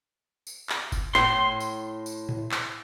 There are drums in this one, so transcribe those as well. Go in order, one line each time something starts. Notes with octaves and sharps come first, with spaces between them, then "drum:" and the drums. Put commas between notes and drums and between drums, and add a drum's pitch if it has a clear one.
drum: tambourine
drum: clap
drum: kick F#1, tambourine
A2 C6, drum: clap
drum: tambourine
drum: tambourine
drum: tom A2
drum: clap